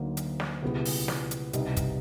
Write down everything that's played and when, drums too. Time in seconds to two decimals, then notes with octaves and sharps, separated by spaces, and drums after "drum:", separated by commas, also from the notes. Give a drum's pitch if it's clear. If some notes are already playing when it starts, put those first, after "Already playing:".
Already playing: D2 D3 F#3 A#3 D#4
0.17 drum: hi-hat
0.40 drum: snare
0.62 C#2 B2 G3 B3 E4
0.85 drum: open hi-hat
1.08 drum: snare
1.31 drum: hi-hat
1.53 C2 B2 G3 B3 D#4, drum: hi-hat
1.77 drum: kick, hi-hat